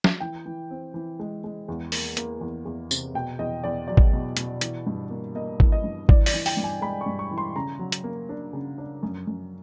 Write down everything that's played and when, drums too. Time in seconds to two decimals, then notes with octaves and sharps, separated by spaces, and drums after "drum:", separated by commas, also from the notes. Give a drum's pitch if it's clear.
0.04 drum: snare
0.20 E3 G5
0.46 E3
0.71 C4
0.94 E3
1.19 G#3
1.44 G#3
1.68 E2
1.92 A#3, drum: open hi-hat
2.17 A#3, drum: hi-hat
2.41 E2
2.65 E2
2.91 C3, drum: tambourine
3.14 B2 G5
3.39 E2 D#5
3.64 E2 D5
3.88 F#3 D5
3.97 drum: kick G#1
4.13 B2
4.37 B2, drum: hi-hat
4.61 E3, drum: hi-hat
4.87 G2
5.11 A#3
5.35 A#3 D#5
5.60 E3, drum: kick G#1
5.72 D#5
5.84 G2
6.09 E3 D5, drum: kick G#1
6.26 D5, drum: open hi-hat
6.34 E3
6.46 G5, drum: open hi-hat
6.57 G2
6.64 G#5
6.81 G#3 B5
7.01 C#6
7.06 G2
7.19 C#6
7.31 E3
7.38 C6
7.56 C#3 A#5
7.79 F#3
7.92 drum: hi-hat
8.04 A#3
8.29 D4
8.53 C#3
8.78 D4
9.03 F#2
9.27 F#2